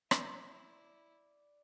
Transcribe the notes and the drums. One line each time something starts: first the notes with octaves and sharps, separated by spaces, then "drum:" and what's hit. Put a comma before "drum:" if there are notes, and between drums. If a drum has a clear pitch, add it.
E4 D5, drum: rim click